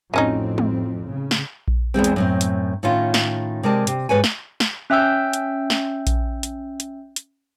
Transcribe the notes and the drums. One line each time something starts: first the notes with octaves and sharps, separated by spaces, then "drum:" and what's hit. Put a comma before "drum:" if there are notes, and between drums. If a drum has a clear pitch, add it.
A1 F2 F#3 C4 C#4 D#4
drum: tom
C#3
drum: snare
drum: kick A#1
E2 E3 G#3 C4
drum: hi-hat
F#2 A2 C4
drum: hi-hat
A2 D#3 C#4 F4
drum: snare
C3 G#3 A#4 D5 A5
C3, drum: hi-hat
G#2 B4 C#5 G#5
drum: snare
drum: snare
C#4 E5 G5 E6 G6
drum: hi-hat
drum: snare
drum: kick A#1, hi-hat
drum: hi-hat
drum: hi-hat
drum: hi-hat